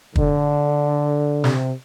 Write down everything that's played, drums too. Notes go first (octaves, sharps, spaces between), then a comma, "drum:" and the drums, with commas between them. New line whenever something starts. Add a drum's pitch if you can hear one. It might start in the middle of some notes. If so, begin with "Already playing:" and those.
D3, drum: kick
C3, drum: snare